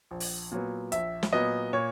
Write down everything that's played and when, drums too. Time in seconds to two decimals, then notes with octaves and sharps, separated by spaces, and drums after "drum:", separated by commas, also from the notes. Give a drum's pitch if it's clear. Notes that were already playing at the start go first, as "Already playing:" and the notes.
0.11 A#1
0.20 drum: open hi-hat
0.52 A#2 F#3 B3
0.92 A#1 E5, drum: hi-hat
1.23 drum: snare
1.32 A#2 F#3 B3 D#5
1.73 A#2 C#5